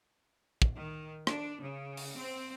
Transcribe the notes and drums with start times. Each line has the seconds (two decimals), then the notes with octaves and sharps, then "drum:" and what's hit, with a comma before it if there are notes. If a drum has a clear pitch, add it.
0.62 drum: kick
0.76 D#3
1.27 D4, drum: rim click
1.63 C#3
1.97 drum: open hi-hat
2.17 C4